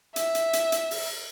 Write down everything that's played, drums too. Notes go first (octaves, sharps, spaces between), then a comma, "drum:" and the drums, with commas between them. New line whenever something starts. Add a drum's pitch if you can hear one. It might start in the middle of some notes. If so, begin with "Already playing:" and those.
E5, drum: hi-hat
drum: hi-hat
drum: hi-hat
drum: hi-hat
drum: open hi-hat